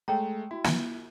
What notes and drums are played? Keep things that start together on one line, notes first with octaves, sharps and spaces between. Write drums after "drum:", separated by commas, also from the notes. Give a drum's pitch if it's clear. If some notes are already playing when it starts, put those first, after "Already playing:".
G#3 A3 C#5 G5 A#5
E4 F#4
drum: snare